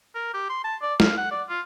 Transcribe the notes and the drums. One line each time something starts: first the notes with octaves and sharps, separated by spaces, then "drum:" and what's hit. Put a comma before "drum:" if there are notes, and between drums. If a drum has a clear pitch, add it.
A#4
G4
C6
A5
D5
F5, drum: snare
F#5
D5
F4